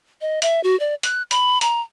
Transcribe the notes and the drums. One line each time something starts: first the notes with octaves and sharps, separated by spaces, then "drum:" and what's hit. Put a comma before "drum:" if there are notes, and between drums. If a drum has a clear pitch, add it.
D#5
E5, drum: hi-hat
F#4
D5
F#6, drum: hi-hat
B5, drum: hi-hat
A#5, drum: hi-hat